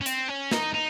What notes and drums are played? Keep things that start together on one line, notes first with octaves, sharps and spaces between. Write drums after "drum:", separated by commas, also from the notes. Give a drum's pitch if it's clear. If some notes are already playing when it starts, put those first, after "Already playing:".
C#4
C4, drum: hi-hat
C#4
D#4, drum: snare
D#4